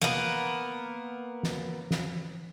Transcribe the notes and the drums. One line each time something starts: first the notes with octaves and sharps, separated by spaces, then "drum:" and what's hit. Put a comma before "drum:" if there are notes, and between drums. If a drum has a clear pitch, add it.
A#3 B3, drum: snare
drum: snare
drum: snare